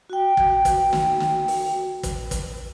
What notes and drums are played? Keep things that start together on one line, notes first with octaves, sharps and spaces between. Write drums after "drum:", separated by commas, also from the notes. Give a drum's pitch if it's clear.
F#4 G5
drum: kick
drum: kick, hi-hat
drum: snare
drum: snare
drum: open hi-hat
drum: kick, hi-hat
drum: kick, hi-hat